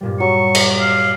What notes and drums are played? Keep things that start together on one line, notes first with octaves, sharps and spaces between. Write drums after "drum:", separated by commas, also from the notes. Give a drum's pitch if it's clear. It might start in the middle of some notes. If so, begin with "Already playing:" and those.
G2 A#2 G3
F#3 C#6
drum: cymbal
F5